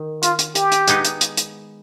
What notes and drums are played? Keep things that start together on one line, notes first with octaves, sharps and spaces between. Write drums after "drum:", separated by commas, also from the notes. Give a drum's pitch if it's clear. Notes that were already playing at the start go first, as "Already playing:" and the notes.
Already playing: D#3
F4, drum: hi-hat
drum: hi-hat
G4, drum: hi-hat
drum: hi-hat
G#3 B3 D#4, drum: hi-hat
drum: hi-hat
drum: hi-hat
drum: hi-hat